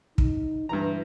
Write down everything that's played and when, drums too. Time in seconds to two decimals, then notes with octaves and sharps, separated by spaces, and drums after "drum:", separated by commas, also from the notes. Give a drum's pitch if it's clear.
0.18 D#4, drum: kick
0.69 G2 D3 E3 A#5